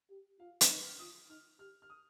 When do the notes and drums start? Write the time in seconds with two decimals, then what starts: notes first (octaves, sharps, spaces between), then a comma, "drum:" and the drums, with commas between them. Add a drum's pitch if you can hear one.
0.10 G4
0.39 F4 F5
0.61 drum: hi-hat
0.70 D#4
0.85 F6
0.99 F4 D#6
1.29 D#4 F6
1.59 G4 F6
1.82 F6
1.90 D#6